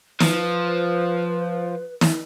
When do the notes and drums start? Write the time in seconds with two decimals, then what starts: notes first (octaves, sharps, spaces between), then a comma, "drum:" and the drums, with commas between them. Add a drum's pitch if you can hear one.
0.21 F3 B4, drum: snare
2.01 drum: snare